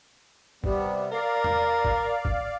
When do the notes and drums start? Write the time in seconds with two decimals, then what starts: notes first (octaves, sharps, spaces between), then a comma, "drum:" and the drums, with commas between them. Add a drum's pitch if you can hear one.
0.64 C3 G3 B3, drum: kick
1.12 A#4 D5 F5
1.44 drum: tom E2
1.85 drum: kick
2.25 drum: kick